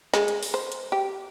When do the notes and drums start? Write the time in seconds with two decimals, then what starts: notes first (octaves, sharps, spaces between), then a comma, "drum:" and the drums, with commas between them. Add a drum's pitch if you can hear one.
0.14 G#3, drum: snare
0.28 drum: hi-hat
0.43 drum: open hi-hat
0.54 C5
0.72 drum: hi-hat
0.92 G4